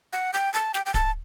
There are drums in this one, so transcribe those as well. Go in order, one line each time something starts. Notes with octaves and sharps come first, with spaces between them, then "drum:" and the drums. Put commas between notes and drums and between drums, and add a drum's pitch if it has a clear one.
F#5
G5
A5
G5, drum: snare
G5
A5, drum: kick D1